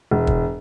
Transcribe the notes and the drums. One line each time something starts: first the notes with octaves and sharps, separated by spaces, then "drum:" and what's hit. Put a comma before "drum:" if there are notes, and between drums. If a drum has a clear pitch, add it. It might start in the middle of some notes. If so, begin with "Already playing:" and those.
E1
drum: kick